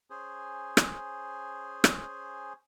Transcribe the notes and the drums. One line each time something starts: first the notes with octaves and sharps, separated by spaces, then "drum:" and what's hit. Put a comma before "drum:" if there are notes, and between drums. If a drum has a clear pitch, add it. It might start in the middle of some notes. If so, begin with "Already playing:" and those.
C#4 G#4 C5
drum: rim click
drum: rim click